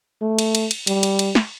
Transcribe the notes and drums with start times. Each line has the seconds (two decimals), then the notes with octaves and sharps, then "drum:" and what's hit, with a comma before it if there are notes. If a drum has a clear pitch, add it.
0.22 A3
0.39 drum: cymbal
0.55 drum: cymbal
0.71 drum: cymbal
0.87 G3, drum: cymbal
1.03 drum: cymbal
1.19 drum: cymbal
1.35 drum: snare